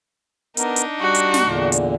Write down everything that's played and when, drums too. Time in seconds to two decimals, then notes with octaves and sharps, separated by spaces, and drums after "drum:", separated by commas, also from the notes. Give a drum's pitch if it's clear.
0.57 B3 D4 D#4 A#4, drum: hi-hat
0.76 drum: hi-hat
1.01 G3 F#4
1.15 drum: hi-hat
1.34 drum: snare
1.44 E2 A#2 D3
1.72 drum: hi-hat